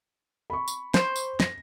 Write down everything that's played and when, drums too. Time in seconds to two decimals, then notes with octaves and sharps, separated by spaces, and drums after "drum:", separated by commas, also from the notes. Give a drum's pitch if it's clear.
0.50 B5 C#6
0.68 drum: tambourine
0.94 C5, drum: snare
1.16 drum: tambourine
1.40 A#6, drum: snare